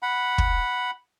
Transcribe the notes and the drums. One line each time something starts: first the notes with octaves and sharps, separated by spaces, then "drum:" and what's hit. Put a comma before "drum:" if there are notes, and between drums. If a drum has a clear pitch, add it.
F#5 B5
drum: kick